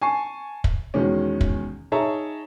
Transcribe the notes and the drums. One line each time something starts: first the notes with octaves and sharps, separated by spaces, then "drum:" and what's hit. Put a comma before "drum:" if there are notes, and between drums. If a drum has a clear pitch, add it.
G#5 A5 C#6 C7
drum: kick
E2 B2 D#3 G#3 C#4
drum: kick
D#4 G#4 C#5 E5 A5 A#5